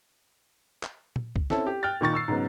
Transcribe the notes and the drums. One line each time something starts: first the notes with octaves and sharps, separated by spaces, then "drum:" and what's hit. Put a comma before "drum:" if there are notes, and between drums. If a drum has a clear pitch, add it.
drum: clap
drum: tom A#2
drum: kick
C4 C#4 E4 A4, drum: snare
G4
G5 F6 F#6 A6
A#2 D#3 C#6 A6
C#6 E6 C7
G#2 C#3 F#3 B3